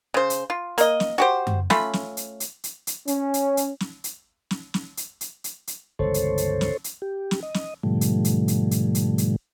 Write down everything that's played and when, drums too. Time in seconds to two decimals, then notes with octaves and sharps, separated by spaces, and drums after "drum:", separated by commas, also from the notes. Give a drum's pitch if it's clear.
0.14 C#3 C5
0.30 drum: hi-hat
0.50 F4
0.78 A#3 D#5, drum: hi-hat
1.00 drum: snare
1.18 F#4 G4 C5
1.47 drum: tom F#2
1.70 A3 C#4 F4 B5, drum: snare
1.93 drum: snare
2.17 drum: hi-hat
2.40 drum: hi-hat
2.64 drum: hi-hat
2.87 drum: hi-hat
3.07 C#4, drum: hi-hat
3.34 drum: hi-hat
3.57 drum: hi-hat
3.80 drum: snare
4.04 drum: hi-hat
4.51 drum: snare
4.74 drum: snare
4.97 drum: hi-hat
5.21 drum: hi-hat
5.44 drum: hi-hat
5.67 drum: hi-hat
5.99 G1 C#2 E3 A4 C5 C#5
6.14 drum: hi-hat
6.38 drum: hi-hat
6.61 drum: snare
6.84 drum: hi-hat
7.02 G4
7.31 drum: snare
7.43 D#5
7.54 drum: snare
7.83 G#2 B2 D3 F3 G3 A3
8.01 drum: hi-hat
8.25 drum: hi-hat
8.48 drum: hi-hat
8.71 drum: hi-hat
8.95 drum: hi-hat
9.18 drum: hi-hat